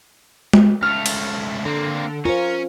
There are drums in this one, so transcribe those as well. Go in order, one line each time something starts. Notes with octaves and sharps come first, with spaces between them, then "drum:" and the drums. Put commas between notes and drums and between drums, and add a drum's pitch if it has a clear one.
drum: tom G#3
C#2 A3 F6
drum: cymbal
D3 A#3 C4
C#4 F4 A#4 C5